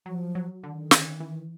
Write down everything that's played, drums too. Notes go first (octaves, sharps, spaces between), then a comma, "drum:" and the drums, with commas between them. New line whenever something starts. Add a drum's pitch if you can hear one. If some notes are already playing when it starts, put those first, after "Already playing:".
F3 F#3
F#3
D3 D#3
C#4, drum: snare
E3